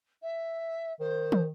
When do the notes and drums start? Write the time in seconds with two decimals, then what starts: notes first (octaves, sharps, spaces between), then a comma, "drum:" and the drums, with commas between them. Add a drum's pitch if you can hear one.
0.22 E5
1.00 D#3 C5
1.32 drum: tom